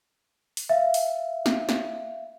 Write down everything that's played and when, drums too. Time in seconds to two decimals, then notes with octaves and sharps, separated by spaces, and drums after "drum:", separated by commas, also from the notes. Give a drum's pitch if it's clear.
0.57 drum: open hi-hat
0.69 E5 F5
0.94 drum: open hi-hat
1.46 drum: snare
1.69 drum: snare